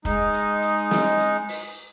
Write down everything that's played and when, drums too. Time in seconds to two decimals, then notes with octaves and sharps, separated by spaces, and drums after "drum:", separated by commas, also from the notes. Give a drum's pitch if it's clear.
0.05 G#3 D#4, drum: kick, hi-hat
0.34 drum: hi-hat
0.62 drum: hi-hat
0.91 drum: snare
1.20 drum: hi-hat
1.49 drum: open hi-hat